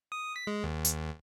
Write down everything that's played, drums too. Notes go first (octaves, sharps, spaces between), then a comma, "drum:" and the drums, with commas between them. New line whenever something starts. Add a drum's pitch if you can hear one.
D#6
B6
G#3
D#2
drum: hi-hat